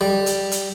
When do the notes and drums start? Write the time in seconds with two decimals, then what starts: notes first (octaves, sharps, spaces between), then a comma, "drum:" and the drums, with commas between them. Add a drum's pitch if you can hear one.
0.01 G3
0.26 drum: hi-hat
0.52 drum: hi-hat